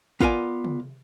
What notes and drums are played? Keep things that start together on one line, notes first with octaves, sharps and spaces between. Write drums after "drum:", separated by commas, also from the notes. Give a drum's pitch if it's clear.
B3 F4 A#4 D5 G#5, drum: kick
drum: tom